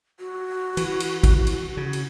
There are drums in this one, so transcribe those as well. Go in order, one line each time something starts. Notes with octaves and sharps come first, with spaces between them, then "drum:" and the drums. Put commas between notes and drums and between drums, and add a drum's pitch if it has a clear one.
F#4
E3, drum: cymbal
drum: cymbal
drum: kick, cymbal
drum: cymbal
C#3
drum: cymbal